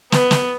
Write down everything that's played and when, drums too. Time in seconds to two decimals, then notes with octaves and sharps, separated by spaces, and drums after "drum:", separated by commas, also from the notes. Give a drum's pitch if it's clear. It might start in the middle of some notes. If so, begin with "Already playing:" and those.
0.12 B3, drum: snare
0.31 drum: snare